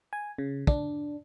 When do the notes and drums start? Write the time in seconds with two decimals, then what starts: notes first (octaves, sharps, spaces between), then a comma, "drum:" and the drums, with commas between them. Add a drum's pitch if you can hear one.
0.13 G#5
0.38 C#3
0.67 D4, drum: kick